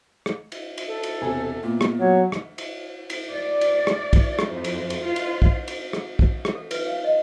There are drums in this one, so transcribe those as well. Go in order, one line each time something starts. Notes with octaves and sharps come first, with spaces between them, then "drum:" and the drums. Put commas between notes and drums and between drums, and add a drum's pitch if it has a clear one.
drum: rim click
drum: cymbal
drum: cymbal
A4
drum: cymbal
E1 C3 G#5
A#2 B3
drum: rim click
F#3 C#5
drum: rim click
drum: cymbal
drum: cymbal
D5
drum: cymbal
drum: rim click
drum: kick, cymbal
drum: rim click
F2
drum: cymbal
drum: cymbal
F4
drum: cymbal
drum: kick
drum: cymbal
drum: rim click
drum: kick
drum: rim click
A4
B4, drum: cymbal
F5
D#5